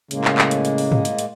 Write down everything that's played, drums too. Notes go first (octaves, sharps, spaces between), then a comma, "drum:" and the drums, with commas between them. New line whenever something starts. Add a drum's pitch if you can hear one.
A2 C#3 G#3 A#3, drum: hi-hat
drum: clap
drum: clap
drum: hi-hat
drum: hi-hat
drum: open hi-hat
drum: tom G#2
drum: hi-hat
drum: hi-hat